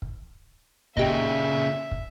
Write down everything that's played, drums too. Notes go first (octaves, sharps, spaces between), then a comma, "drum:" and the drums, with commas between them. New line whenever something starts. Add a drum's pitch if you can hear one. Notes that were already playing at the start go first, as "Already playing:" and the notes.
drum: kick
A#2 C#3 D#4 G4 E5, drum: kick
drum: kick